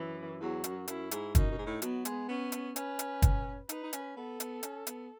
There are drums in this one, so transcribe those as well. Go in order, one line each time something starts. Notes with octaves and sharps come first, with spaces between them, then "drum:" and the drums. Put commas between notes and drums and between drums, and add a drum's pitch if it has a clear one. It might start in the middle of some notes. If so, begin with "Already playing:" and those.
Already playing: F#2 E3
E2 F#3
F#2, drum: hi-hat
F#2 E4, drum: hi-hat
G#2, drum: hi-hat
F#2 D#4, drum: kick, hi-hat
F#2
G#2
A2
F#3 B3, drum: hi-hat
G#3, drum: hi-hat
B3 C#4
drum: hi-hat
C#4 B4, drum: hi-hat
drum: hi-hat
drum: kick, hi-hat
D#4 B4, drum: hi-hat
D#4
C#4, drum: hi-hat
B3 A4
B3, drum: hi-hat
C#4, drum: hi-hat
B3, drum: hi-hat